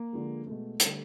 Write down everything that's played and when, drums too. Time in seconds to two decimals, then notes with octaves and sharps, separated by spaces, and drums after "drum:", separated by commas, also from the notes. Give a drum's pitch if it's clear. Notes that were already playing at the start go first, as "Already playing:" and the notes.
Already playing: A#3
0.13 D3 F3 G#3
0.46 B2 G#3 A3
0.80 D3 G3, drum: hi-hat